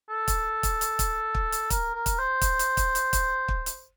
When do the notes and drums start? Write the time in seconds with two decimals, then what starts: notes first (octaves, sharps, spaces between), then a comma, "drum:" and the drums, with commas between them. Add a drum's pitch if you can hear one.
0.10 A4
0.28 drum: kick, hi-hat
0.63 drum: kick, hi-hat
0.81 drum: hi-hat
0.99 drum: kick, hi-hat
1.35 drum: kick
1.52 drum: hi-hat
1.70 A#4, drum: kick, hi-hat
1.95 A#4
2.06 drum: kick, hi-hat
2.18 C5
2.41 drum: kick, hi-hat
2.59 drum: hi-hat
2.77 drum: kick, hi-hat
2.95 drum: hi-hat
3.13 drum: kick, hi-hat
3.48 drum: kick
3.66 drum: hi-hat